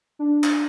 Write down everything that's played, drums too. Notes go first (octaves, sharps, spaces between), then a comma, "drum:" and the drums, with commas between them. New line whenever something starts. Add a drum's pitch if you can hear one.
D4
drum: clap